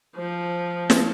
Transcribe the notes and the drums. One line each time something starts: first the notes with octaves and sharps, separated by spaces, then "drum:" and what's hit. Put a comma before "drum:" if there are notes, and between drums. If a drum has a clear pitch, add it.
F3 C5
drum: snare